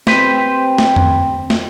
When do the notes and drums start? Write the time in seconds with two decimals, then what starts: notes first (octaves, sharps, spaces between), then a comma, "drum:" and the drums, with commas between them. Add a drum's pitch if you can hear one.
0.07 C4 G4 B4 C5, drum: snare
0.78 drum: snare
0.96 drum: tom F2
1.50 drum: snare